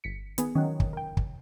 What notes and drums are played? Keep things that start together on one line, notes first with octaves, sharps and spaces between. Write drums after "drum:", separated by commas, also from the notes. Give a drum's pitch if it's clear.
G1 B6 C#7
D#3 B3 G#4, drum: hi-hat
D#3 F#3 C#4
drum: kick
A#4 G5
drum: kick